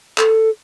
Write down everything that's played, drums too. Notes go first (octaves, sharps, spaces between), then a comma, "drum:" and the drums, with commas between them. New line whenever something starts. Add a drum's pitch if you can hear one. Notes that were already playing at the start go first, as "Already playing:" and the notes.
A4, drum: clap